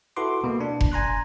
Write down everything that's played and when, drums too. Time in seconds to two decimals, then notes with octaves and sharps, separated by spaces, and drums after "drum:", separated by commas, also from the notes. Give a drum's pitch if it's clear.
0.16 E4 F#4 A4 B4 C6 D6
0.44 B2 A#3
0.60 D4
0.81 drum: kick F1
0.92 G#5 A#5 C6 F#6